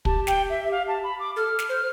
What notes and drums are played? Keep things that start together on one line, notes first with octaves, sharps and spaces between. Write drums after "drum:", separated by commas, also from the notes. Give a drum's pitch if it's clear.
G4 A5, drum: kick
G5, drum: snare
E5
E5
F5
A5
B5
D6
A4 F6
drum: snare
C5